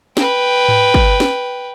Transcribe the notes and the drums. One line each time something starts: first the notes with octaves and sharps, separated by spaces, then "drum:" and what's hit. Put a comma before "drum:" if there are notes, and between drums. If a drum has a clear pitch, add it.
B4 G5, drum: snare
drum: tom G#2
drum: kick
drum: snare